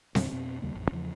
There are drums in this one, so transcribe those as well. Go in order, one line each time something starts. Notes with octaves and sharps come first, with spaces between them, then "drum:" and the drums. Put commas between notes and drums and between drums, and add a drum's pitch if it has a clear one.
E2 A#2 D3 D4, drum: snare C4
F2 B2 C4
D#2 C#3 G3 A#3
A1 F2
E2 C#3 E3 F3